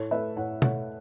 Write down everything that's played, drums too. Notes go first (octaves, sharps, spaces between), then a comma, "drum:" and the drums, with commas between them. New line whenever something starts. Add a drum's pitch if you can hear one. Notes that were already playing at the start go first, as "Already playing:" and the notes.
Already playing: A2 A4 C#5
A3 B4 E5
A2 C#5 F#5
A3 C#5 F#5, drum: tom